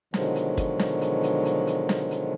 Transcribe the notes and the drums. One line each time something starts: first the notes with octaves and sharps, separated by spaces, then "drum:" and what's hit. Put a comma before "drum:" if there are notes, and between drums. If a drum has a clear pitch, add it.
B2 D3 D#3 F3 F#3 G#3, drum: snare
drum: hi-hat
drum: kick, hi-hat
drum: snare
drum: hi-hat
drum: hi-hat
drum: hi-hat
drum: hi-hat
drum: snare
drum: hi-hat